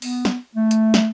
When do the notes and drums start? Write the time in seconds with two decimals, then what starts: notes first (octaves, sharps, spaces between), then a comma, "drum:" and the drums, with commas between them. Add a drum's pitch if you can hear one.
0.02 B3, drum: open hi-hat
0.25 drum: snare
0.55 A3
0.71 drum: hi-hat
0.94 drum: snare